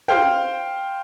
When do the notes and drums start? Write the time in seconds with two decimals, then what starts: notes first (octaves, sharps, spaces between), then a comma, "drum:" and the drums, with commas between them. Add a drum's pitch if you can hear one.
0.08 C5 F5 G5, drum: tom